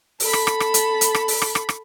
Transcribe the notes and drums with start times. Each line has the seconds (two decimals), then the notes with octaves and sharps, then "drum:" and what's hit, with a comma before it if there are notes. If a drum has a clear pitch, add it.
0.20 A4 B5, drum: open hi-hat
0.33 drum: rim click
0.47 drum: rim click
0.60 drum: rim click
0.74 drum: hi-hat
1.01 drum: hi-hat
1.15 drum: rim click
1.28 drum: open hi-hat
1.42 drum: rim click
1.55 drum: rim click
1.69 drum: rim click